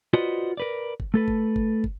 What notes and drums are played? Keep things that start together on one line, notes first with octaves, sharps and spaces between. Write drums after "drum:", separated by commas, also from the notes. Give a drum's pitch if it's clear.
F4 F#4 B4 C5 D5 D#5
A#4 B4 D5
drum: kick
A3 A4 B4
drum: kick
drum: kick
drum: kick